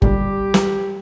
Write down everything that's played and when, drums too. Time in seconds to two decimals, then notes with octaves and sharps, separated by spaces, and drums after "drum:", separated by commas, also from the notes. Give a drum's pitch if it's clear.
0.02 B1 A#2 D3 G3 G4, drum: kick G1
0.54 drum: snare